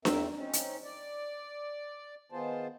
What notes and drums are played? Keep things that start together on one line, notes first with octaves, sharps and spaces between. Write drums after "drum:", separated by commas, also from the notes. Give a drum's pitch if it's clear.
E2 C4 A#4 E5, drum: snare D4
C4 C#4 D#4
drum: hi-hat
D5
D#3 B3 F4 G#4 C5 A5